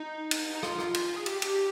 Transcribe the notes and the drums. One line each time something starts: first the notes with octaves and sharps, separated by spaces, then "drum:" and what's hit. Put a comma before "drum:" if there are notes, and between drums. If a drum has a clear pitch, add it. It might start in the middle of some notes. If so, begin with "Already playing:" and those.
Already playing: D#4
drum: cymbal
D#4
F4, drum: rim click
drum: rim click
drum: cymbal
G#4
G4, drum: cymbal
drum: cymbal